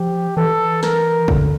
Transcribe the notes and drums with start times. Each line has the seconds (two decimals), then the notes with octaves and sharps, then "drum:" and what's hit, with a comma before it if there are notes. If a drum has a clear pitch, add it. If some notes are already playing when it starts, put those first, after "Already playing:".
Already playing: F3 G4
0.37 E3 A4
0.83 A#4, drum: snare
1.28 D3, drum: kick A1